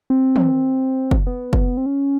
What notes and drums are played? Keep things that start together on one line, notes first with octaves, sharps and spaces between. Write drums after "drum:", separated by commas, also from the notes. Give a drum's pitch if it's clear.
C4
drum: tom
drum: kick
B3
drum: kick
C4
C#4